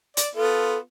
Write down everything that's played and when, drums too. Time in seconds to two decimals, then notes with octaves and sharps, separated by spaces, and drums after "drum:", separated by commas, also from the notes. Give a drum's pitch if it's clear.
0.17 D5, drum: hi-hat
0.35 B3 F4 A4